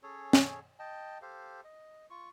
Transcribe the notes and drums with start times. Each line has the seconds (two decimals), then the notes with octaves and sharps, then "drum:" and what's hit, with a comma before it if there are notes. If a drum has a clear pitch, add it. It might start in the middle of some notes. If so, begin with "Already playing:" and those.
0.03 C#4 G#4 A4 C#5
0.33 drum: snare
0.79 D#5 G5 A5
1.22 G4 A4 C5 F5
1.64 D#5
2.10 F4 C#6